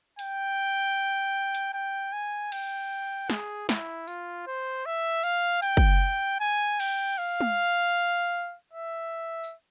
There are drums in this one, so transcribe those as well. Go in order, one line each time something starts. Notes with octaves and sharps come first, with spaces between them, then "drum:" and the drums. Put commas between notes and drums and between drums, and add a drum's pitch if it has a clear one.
G5, drum: open hi-hat
drum: hi-hat
G5
G#5
G5, drum: cymbal
G#4, drum: snare
E4, drum: snare
F4, drum: tambourine
C5
E5
F5, drum: tambourine
G5, drum: open hi-hat
drum: kick
G#5
G5, drum: cymbal
F5
drum: tom
E5
drum: tambourine